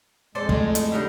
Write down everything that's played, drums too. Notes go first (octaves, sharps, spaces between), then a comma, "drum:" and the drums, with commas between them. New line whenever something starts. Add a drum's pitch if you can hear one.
F2 G#3 A4 C5 D5
A2 G#4, drum: kick
drum: hi-hat
D3 G3 G#3 D#4